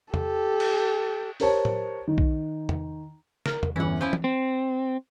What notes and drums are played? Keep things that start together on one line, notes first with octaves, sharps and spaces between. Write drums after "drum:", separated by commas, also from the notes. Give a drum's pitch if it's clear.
G4 A4, drum: tom E2
drum: cymbal
G4 A#4 C5 C#5 A5, drum: open hi-hat
drum: tom A2
D#3
drum: kick B1
drum: tom E2
A#4, drum: snare
drum: tom E2
G1 E2 E3 C#4 F#5
F3 C#4 E4 G6
drum: tom
C4